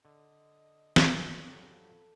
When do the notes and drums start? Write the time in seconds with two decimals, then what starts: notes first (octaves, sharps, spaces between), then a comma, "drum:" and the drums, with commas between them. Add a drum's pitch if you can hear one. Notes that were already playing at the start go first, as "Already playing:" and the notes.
0.05 D3 D#5
0.96 drum: snare
1.47 G2 F3 F#3 G4 A4 B5 D6